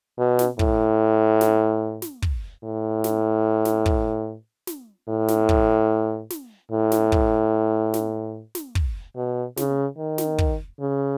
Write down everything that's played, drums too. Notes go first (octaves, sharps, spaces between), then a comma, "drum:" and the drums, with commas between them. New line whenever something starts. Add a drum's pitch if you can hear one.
B2
drum: snare
A2, drum: kick
drum: snare
drum: snare
drum: kick
A2
drum: snare
drum: snare
drum: kick
drum: snare
A2
drum: snare
drum: kick
drum: snare
A2
drum: snare
drum: kick
drum: snare
drum: snare
drum: kick
B2
C#3, drum: snare
D#3
drum: snare
drum: kick
C#3